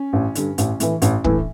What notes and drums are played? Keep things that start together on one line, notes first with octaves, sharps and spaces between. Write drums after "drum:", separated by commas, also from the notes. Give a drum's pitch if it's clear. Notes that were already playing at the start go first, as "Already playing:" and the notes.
Already playing: C#4
A1
G2 D3, drum: hi-hat
A1, drum: hi-hat
A2 E3, drum: hi-hat
A1, drum: hi-hat
A2 E3, drum: kick